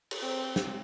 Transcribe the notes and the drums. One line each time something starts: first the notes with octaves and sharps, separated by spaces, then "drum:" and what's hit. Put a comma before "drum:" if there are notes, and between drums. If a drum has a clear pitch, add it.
drum: cymbal
C4 C5
drum: snare